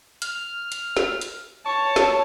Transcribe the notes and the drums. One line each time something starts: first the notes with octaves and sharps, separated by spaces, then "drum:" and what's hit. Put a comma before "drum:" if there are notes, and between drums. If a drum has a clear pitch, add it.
F6, drum: hi-hat
drum: hi-hat
drum: snare
drum: hi-hat
C#5 A5
drum: snare